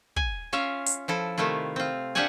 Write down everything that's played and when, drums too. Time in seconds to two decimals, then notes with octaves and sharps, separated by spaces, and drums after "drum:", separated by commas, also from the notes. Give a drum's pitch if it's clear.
0.16 G#5, drum: kick
0.53 C#4 F4 E5 F5
0.86 drum: hi-hat
1.08 F3 E4 A4
1.38 C3 D#3 A3 E4 F4
1.76 C4 F4
2.15 D4 F4 G4 E5 F#5 G#5